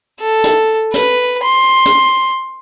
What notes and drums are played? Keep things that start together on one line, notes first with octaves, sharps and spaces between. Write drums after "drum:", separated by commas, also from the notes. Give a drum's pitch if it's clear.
A4
drum: hi-hat
B4, drum: hi-hat
C6
drum: hi-hat